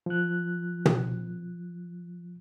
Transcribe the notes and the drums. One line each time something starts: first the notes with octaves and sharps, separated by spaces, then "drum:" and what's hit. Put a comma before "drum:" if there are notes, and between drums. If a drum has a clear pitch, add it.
F3 F#6
drum: tom